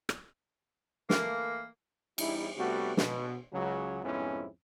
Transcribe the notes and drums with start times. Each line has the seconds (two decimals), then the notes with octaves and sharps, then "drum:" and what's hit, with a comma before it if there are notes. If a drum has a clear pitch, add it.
0.09 drum: rim click
1.10 E3 A3 A#3, drum: snare
2.18 E2 G3 D#4 E4, drum: cymbal
2.57 C3 G3 A3 B3 F#4
2.97 B2, drum: snare
3.53 C#2 C#3 F#3
4.03 C2 F2 G#2 B3 C#4 E4